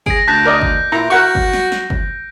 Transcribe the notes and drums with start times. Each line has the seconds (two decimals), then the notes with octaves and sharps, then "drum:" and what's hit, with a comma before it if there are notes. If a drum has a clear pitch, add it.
0.06 G#4 A#6 D7, drum: kick G1
0.28 D2 A5 F#6 G6 B6
0.45 A#4 D5 D#5
0.62 drum: kick G1
0.92 A#2 E4 A#5
1.10 F#4 A#4 F#5 C#6
1.35 drum: kick G1
1.53 drum: snare
1.72 drum: snare
1.90 drum: kick G1